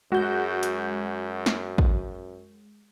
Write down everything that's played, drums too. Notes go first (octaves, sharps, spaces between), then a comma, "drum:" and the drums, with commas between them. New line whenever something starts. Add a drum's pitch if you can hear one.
F#2 G#3 F#4 G6
drum: hi-hat
drum: snare
drum: kick